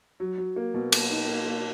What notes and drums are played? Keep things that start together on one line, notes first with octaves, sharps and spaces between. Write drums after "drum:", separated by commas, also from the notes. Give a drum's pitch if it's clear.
F#3
F#3
A#3
B2
A#3, drum: cymbal
D#4
A#3
A#3